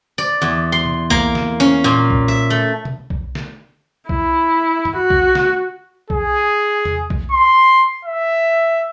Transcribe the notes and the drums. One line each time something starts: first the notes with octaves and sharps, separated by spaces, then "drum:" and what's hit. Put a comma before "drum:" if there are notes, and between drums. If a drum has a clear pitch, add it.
D5
E2
C6
drum: tom
A#3, drum: kick B1
drum: snare
C#4
A#2
drum: kick B1
E5
A3
drum: tom
drum: kick B1
drum: snare
E4, drum: kick B1
drum: tom G2
F#4
drum: kick B1
drum: snare
G#4, drum: kick B1
drum: tom E2
drum: kick B1
C6
E5